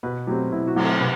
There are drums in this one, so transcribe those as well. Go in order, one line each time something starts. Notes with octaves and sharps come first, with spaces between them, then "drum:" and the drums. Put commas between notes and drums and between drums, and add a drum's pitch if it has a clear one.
B2 B4
F#3 A3 C4 G4
B2 E4
F#4
F#3 A3 C4, drum: cymbal
A4
C3 B4